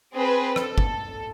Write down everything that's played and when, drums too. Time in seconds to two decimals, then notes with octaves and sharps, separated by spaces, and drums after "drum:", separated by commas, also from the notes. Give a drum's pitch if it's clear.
0.15 C4 G#4 B4
0.56 A4, drum: rim click
0.78 drum: kick G1